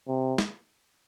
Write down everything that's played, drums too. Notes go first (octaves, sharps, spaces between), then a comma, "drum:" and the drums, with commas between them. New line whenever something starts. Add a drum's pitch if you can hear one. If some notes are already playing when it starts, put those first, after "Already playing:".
C3
drum: snare